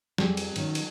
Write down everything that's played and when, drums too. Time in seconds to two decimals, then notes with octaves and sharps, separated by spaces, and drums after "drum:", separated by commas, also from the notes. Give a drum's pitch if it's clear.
0.18 F2 G3 C4 G4 G#4, drum: snare
0.37 drum: cymbal
0.56 D#3 F#3 C#4, drum: cymbal
0.75 drum: cymbal